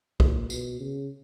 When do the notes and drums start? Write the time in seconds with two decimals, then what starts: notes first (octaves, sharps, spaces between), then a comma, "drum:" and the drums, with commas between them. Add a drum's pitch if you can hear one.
0.20 A#2, drum: kick
0.50 B2, drum: tambourine
0.80 C#3